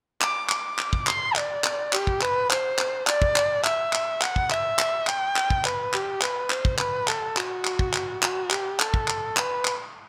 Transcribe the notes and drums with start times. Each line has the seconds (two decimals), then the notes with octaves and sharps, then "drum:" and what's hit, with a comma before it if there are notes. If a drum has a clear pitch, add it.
0.21 D6, drum: clap
0.49 D6, drum: clap
0.78 drum: clap
0.93 drum: kick
1.07 C6, drum: clap
1.36 D5, drum: clap
1.64 drum: clap
1.93 G4, drum: clap
2.07 drum: kick
2.21 B4, drum: clap
2.51 C5, drum: clap
2.79 drum: clap
3.07 D5, drum: clap
3.22 drum: kick
3.36 drum: clap
3.65 E5, drum: clap
3.93 drum: clap
4.22 F#5, drum: clap
4.36 drum: kick
4.50 E5, drum: clap
4.79 drum: clap
5.07 G5, drum: clap
5.36 drum: clap
5.50 drum: kick
5.65 B4, drum: clap
5.93 G4, drum: clap
6.22 B4, drum: clap
6.50 C5, drum: clap
6.65 drum: kick
6.79 B4, drum: clap
7.08 A4, drum: clap
7.37 F#4, drum: clap
7.65 drum: clap
7.79 drum: kick
7.94 drum: clap
8.22 F#4, drum: clap
8.51 G4, drum: clap
8.80 A4, drum: clap
8.94 drum: kick
9.08 drum: clap
9.37 B4, drum: clap
9.65 drum: clap